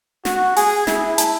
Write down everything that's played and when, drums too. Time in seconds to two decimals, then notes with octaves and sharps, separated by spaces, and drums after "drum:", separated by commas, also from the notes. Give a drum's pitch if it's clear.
0.25 F#4, drum: snare
0.56 G#4 G#5, drum: open hi-hat
0.87 E4, drum: snare
1.18 A5, drum: hi-hat